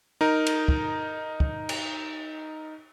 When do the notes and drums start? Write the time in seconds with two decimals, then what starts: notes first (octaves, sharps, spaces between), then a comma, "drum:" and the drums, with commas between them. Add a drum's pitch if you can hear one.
0.21 D#4 A#4
0.47 drum: cymbal
0.68 drum: kick
1.40 drum: kick
1.69 drum: cymbal